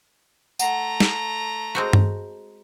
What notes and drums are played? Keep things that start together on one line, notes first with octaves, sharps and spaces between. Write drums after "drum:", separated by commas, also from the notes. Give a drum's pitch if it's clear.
A3 F#5 A#5, drum: tambourine
drum: snare
G#3 C4 F#4
drum: tom G2